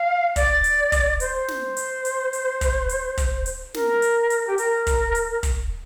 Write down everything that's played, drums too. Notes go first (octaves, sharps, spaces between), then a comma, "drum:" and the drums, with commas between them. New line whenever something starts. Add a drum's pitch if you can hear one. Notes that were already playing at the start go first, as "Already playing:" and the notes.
Already playing: F5
D5, drum: kick, hi-hat
drum: hi-hat
drum: kick, hi-hat
C5, drum: hi-hat
drum: snare
drum: hi-hat
drum: hi-hat
drum: hi-hat
drum: kick, hi-hat
drum: hi-hat
drum: kick, hi-hat
drum: hi-hat
A#4, drum: snare
drum: hi-hat
drum: hi-hat
G4
A#4, drum: hi-hat
drum: kick, hi-hat
drum: hi-hat
drum: kick, hi-hat